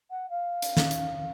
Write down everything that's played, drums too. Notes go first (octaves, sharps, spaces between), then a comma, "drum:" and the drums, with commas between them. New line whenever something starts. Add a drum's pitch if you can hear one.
F#5
F5
drum: hi-hat
drum: snare
drum: hi-hat